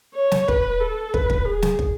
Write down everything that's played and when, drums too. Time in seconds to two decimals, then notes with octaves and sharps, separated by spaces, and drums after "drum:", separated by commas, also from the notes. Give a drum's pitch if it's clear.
0.15 C#5
0.31 drum: snare
0.48 B4, drum: kick
0.80 A4
1.14 B4, drum: kick
1.30 drum: kick
1.46 G#4
1.62 drum: snare
1.79 drum: kick